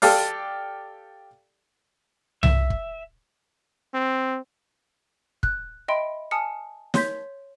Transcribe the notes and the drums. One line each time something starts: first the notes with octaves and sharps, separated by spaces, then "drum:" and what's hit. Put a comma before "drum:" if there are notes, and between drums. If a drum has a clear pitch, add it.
G4 A4 D5 F5, drum: open hi-hat
E5, drum: tom C2
drum: kick
C4
F#6, drum: kick
D#5 E5 G5 B5 C6 D7
G#5 A5 D#6 F6 C#7
C#5 C6 G6 B6, drum: snare